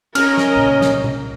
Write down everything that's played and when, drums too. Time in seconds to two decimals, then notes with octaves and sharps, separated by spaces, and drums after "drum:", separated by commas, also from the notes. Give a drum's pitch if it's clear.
0.15 C#4 A#4 D#5 F6, drum: cymbal
0.37 drum: snare
0.55 C2 A#2 C#3
0.82 drum: snare
1.04 drum: tom B2